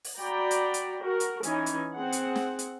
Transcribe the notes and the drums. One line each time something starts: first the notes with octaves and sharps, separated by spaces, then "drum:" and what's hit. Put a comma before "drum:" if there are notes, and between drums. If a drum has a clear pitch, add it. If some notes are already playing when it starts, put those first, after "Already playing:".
drum: open hi-hat
F#4 D5 G5 A#5 B5
drum: hi-hat
drum: hi-hat
F#4 A#4
drum: hi-hat
E3 C#4 D#4 G#5, drum: hi-hat
drum: hi-hat
C4 G#4 F#5
drum: hi-hat
drum: snare
drum: hi-hat